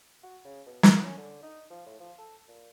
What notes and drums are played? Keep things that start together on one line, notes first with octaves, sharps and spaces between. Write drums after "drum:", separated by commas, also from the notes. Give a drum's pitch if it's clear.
F#4
C#3
B2
A#4, drum: snare
C#4
D3
D#4
F3
A2
F3
A4
A#2